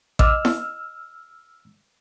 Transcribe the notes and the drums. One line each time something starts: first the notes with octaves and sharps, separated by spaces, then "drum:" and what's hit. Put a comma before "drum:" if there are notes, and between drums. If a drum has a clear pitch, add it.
D#5 D6 E6 F6, drum: kick A1
drum: snare E4